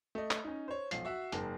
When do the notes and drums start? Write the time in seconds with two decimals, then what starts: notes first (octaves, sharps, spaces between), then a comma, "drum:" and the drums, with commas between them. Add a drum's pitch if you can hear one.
0.15 A3 D#5
0.31 drum: clap
0.45 C#4 D#4
0.68 C5 C#5
0.91 B1 F3 F4 C7, drum: hi-hat
1.05 F#4 E5 F#5
1.32 F#1 G#2 A#4 A5, drum: hi-hat